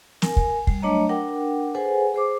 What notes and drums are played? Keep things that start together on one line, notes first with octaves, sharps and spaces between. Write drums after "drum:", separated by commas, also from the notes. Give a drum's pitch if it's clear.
A#4 G#5, drum: snare
drum: kick
G3, drum: kick
F#3 A3 D4 C#5 D#5 A#5
D4 A#4 F#5 G5
G#4 A4 B4 C5 F#5 G#5
G#4 C5 D6